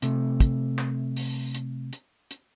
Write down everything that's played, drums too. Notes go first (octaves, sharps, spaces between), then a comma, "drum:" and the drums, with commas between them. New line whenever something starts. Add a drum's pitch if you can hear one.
C3 A3, drum: hi-hat
drum: kick, hi-hat
drum: clap
drum: open hi-hat
drum: hi-hat
drum: hi-hat
drum: hi-hat